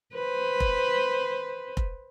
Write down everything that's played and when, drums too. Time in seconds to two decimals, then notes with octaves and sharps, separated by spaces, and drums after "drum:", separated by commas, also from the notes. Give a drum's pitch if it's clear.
0.14 B4 C5
0.60 drum: kick F1
1.77 drum: kick F1